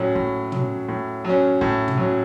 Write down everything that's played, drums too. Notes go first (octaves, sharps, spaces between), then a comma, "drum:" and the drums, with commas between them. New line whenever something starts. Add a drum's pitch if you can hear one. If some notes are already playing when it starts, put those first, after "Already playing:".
Already playing: A2 F#3 C#4
A2, drum: kick
F#3 C#4, drum: tom
A2
F#3 C#4
A2, drum: kick
drum: tom
F#3 C#4